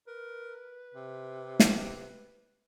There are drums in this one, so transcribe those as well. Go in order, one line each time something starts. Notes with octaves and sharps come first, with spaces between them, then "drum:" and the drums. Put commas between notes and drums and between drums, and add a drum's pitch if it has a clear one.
A#4 B4
C3
drum: snare